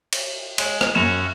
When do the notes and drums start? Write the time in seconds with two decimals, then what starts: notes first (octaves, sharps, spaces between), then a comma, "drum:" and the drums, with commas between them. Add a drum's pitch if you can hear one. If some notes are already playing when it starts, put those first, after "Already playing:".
0.13 drum: cymbal
0.58 G#3 C#5, drum: cymbal
0.81 drum: rim click
0.95 F#2 C#4 F#4 E7 F7